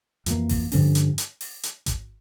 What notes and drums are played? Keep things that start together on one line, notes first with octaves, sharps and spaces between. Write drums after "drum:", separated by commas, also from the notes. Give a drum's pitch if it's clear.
F2 E3 A#3, drum: hi-hat
drum: kick G#1, open hi-hat
G2 D3 F3 C#4, drum: open hi-hat
drum: hi-hat
drum: hi-hat
drum: open hi-hat
drum: hi-hat
drum: kick G#1, hi-hat